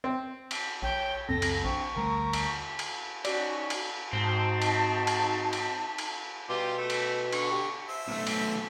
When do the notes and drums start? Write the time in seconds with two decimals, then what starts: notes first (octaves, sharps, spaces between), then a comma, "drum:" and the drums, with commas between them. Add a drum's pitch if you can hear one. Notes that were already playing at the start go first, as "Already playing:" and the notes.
0.04 C4
0.51 drum: cymbal
0.82 A#1 C#5 G5
1.29 C#2 F#2 A#3 C4 A4 A#6
1.42 drum: cymbal
1.64 A#1 C4 D4 C#6
1.96 D2 G3 A3 A#4
2.33 drum: cymbal
2.79 drum: cymbal
3.25 C#4 D#4 F#4 D5, drum: cymbal
3.70 drum: cymbal
4.13 G#2 C4 D#4 F#4 A5
4.62 drum: cymbal
5.07 drum: cymbal
5.53 drum: cymbal
5.98 drum: cymbal
6.49 B2 G3 F4 G4
6.78 A3
6.90 drum: cymbal
7.32 D3 C#6, drum: cymbal
7.51 G4
7.89 C5 E5
8.08 B1 A3
8.27 drum: cymbal